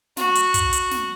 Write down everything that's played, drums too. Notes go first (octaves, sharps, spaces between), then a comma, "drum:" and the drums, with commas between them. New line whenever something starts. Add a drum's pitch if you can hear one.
F#4, drum: snare
drum: hi-hat
drum: kick, hi-hat
drum: hi-hat
drum: snare